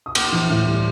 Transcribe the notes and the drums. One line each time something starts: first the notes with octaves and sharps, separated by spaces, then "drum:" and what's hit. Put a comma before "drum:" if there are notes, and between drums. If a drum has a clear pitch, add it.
D#6
A#3 D6, drum: cymbal
E3
A2
G3